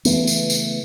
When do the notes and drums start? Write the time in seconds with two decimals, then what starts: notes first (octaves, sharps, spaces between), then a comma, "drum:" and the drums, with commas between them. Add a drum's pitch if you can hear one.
0.05 C#3 E3 A3 B3, drum: tambourine
0.27 drum: tambourine
0.50 drum: tambourine